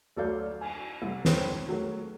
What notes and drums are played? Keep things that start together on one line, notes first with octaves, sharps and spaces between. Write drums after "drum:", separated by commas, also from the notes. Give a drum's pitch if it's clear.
D2 F#3 A4 D5 F5 G6
G#5, drum: cymbal
C2
D#3 G#3 C#4 G#4 B4 C5, drum: snare
F#3 A3 F#4 A#4